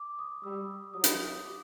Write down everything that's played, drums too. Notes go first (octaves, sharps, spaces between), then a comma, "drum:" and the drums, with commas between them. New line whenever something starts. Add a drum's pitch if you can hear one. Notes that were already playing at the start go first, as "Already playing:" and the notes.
Already playing: D6
D#6
G3 E6
F#3 D#6
drum: hi-hat
D6